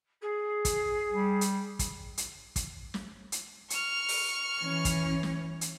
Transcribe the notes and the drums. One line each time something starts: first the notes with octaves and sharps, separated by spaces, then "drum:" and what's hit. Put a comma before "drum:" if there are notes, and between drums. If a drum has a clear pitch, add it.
G#4
drum: kick, hi-hat
G3
drum: hi-hat
drum: kick, hi-hat
drum: hi-hat
drum: kick, hi-hat
drum: snare
drum: hi-hat
C#6 F6, drum: hi-hat
drum: open hi-hat
E3 C#4
drum: kick, hi-hat
drum: snare
drum: hi-hat